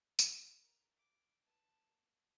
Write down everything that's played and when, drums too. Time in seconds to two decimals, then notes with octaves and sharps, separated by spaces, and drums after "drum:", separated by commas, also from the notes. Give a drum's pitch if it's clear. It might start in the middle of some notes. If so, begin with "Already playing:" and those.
0.19 D#5, drum: tambourine
0.60 A#4
0.96 D6
1.43 B4 A5
1.87 A#3